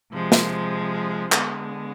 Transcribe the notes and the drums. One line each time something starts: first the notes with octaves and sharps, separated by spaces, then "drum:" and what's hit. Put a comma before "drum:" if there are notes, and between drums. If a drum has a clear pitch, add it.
C3 F3 G#3
drum: snare
D3 G#3 B3, drum: clap